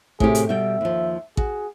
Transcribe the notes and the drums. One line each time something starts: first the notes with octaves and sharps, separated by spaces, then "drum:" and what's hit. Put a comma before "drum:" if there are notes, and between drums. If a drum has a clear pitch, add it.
A2 C3 G4 G#4, drum: kick A1
drum: hi-hat
B2 G3 E5 G5
D#2 F3
F#4 G#4, drum: kick A1